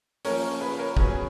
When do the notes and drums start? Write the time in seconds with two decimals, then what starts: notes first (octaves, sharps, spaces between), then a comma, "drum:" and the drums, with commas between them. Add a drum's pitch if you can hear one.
0.25 F3 A#3 C#4 A#4 C#5, drum: open hi-hat
0.60 G#4 B4
0.79 A#4 C#5
0.97 B2 F#3 C#4 G#4 B4, drum: kick
1.08 G#4